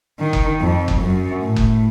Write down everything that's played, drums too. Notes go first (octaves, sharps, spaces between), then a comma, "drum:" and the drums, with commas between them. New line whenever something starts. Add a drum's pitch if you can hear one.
D#3
drum: kick F#1
F2
drum: kick F#1
F#2
A2
drum: kick F#1